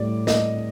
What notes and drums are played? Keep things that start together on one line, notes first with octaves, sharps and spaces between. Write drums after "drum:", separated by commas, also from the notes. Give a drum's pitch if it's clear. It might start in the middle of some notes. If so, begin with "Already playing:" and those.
Already playing: A2 G3 D5
D#5, drum: snare